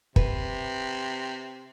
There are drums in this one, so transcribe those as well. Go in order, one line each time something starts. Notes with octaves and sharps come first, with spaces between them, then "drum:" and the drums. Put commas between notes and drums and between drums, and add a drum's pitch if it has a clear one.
C3 B4, drum: kick